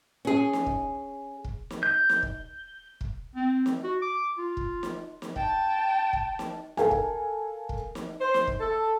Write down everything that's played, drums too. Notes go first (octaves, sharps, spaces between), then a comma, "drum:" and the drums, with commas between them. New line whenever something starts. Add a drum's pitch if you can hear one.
C#4 G#4
drum: snare
drum: kick
drum: kick
drum: snare
G6
drum: snare
drum: kick
drum: kick
C4
drum: snare
F#4
D6
F4
drum: kick
drum: snare
drum: snare
G5 A5, drum: kick
drum: kick
drum: snare
A4 A#4 F5 G5 G#5, drum: snare
drum: kick
drum: kick
drum: snare
C5
drum: snare
drum: kick
A4